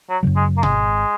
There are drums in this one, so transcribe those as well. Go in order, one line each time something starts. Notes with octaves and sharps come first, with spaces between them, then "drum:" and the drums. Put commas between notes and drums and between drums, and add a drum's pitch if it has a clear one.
F#3
F#2 C#3 F#3
G#3
A#3
G#1 G#3, drum: tom B2